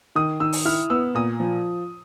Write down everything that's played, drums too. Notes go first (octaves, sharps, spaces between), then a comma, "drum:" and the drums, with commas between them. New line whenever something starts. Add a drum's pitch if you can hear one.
D#3 D#6
D#3 E6
drum: open hi-hat
E4 F6
B3 E6
A#2 D#6
F3